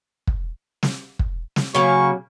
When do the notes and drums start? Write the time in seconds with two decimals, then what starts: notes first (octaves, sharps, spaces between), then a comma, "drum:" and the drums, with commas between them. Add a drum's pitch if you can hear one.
0.27 drum: kick
0.83 drum: snare
1.19 drum: kick
1.56 drum: snare
1.75 C#3 F#3 A#3 C#6